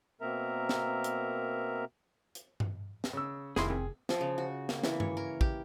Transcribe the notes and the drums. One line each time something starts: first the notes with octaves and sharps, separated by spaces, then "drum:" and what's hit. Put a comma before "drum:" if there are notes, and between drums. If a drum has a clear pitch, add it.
B2 A#3 C4 A#4 E5 A#5
drum: snare
drum: hi-hat
drum: hi-hat
drum: tom G2
drum: snare
C#3 E6
F1 D#2 E4 G#4 C6, drum: snare
C4 G#4
F3, drum: snare
C#3
F#4
A#3, drum: snare
E3, drum: snare
C#5, drum: tom G2
A#4
G4, drum: kick